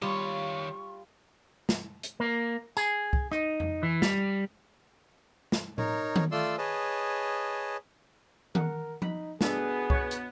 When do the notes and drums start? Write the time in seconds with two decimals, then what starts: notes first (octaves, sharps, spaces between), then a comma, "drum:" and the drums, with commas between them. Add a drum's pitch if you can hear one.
0.02 D#3 G3 F4 C#5 C#6
1.69 drum: snare
2.03 drum: hi-hat
2.20 A#3
2.77 G#4, drum: tambourine
3.13 drum: kick C2
3.32 D#4, drum: rim click
3.60 drum: tom F2
3.83 E3
4.02 G3, drum: snare
5.52 drum: snare
5.78 D#4 A#4 C#5, drum: tom A2
6.16 drum: tom D#3
6.32 A3 F4 D5 C6 E6
6.58 G#4 B4 C#5 D#5 A5
8.55 A#4 F#5, drum: tom D#3
9.02 D#4 B5, drum: tom F3
9.41 B2 B3 D4 G#4 A4, drum: snare
9.90 C#5 F#5, drum: kick C2
10.11 drum: hi-hat